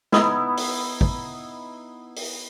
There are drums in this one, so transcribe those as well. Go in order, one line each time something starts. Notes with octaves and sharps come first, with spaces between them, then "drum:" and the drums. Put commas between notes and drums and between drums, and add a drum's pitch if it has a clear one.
B3 D#4 E4, drum: snare
drum: open hi-hat
drum: kick
drum: open hi-hat